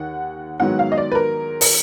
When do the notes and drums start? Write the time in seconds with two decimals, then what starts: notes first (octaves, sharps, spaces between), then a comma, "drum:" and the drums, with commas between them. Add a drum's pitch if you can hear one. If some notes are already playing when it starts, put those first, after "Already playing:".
Already playing: D#2 D#3 F#5
0.60 G#2 D#3 F#3 B3 F#5
0.79 F5
0.92 D#5
0.98 D5
1.12 B4
1.15 A#4
1.61 A#4, drum: open hi-hat